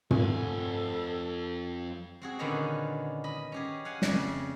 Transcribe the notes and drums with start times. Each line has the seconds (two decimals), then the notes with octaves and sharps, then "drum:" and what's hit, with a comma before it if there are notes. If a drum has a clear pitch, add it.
0.11 F2 A4 G#5, drum: tom
2.22 C4 F#4 G#4
2.39 A#2 D3 D#3 B3 C#4 D#5
3.24 D#5 B5
3.52 C#4 G4 G#4
3.85 F5 F#5 G#5
4.02 F2 C#3 D5 E5, drum: snare